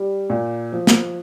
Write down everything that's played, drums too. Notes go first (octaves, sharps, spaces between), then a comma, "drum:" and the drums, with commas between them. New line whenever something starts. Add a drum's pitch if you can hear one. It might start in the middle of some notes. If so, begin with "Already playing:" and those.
Already playing: G3
A#2
F3
drum: snare